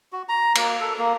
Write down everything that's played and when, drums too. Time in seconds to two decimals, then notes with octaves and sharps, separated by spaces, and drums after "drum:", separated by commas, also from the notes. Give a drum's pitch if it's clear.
0.12 F#4
0.29 A#5
0.55 A#3, drum: cymbal
0.81 A4
0.99 A#3